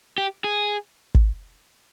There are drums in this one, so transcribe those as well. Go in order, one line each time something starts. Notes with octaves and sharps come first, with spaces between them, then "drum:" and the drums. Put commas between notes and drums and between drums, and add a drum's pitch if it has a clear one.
G4
G#4
drum: kick